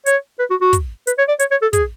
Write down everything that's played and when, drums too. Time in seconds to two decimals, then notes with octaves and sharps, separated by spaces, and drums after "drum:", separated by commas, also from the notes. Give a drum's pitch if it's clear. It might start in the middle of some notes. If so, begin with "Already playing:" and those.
0.06 C#5, drum: hi-hat
0.39 B4
0.50 F#4
0.61 F#4
0.73 drum: kick, hi-hat
1.07 B4, drum: hi-hat
1.18 C#5
1.28 D5
1.39 C#5, drum: hi-hat
1.51 C#5
1.62 A4
1.73 G#4, drum: kick, hi-hat